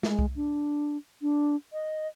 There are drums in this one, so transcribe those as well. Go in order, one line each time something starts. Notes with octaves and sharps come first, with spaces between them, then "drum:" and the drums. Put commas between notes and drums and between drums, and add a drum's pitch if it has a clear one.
G#3, drum: snare
drum: kick C2
D4
D4
D#5